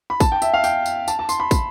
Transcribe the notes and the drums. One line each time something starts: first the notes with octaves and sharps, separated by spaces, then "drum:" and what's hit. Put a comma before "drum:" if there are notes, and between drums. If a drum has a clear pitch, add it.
B5
A5, drum: kick, tambourine
G5
E5, drum: tambourine
F5
G5, drum: tambourine
drum: tambourine
A5, drum: tambourine
A5
C6, drum: tambourine
B5
drum: kick, tambourine